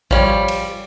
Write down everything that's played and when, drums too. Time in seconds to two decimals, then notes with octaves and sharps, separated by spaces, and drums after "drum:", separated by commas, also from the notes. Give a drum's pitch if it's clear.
0.11 F3 G3 C#5, drum: kick A1
0.48 drum: cymbal